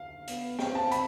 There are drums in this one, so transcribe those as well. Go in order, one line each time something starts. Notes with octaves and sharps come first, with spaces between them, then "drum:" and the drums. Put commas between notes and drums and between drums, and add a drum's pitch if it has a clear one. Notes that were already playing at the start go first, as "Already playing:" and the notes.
Already playing: F5
B3, drum: hi-hat
C4 G5, drum: snare
A5
B5, drum: hi-hat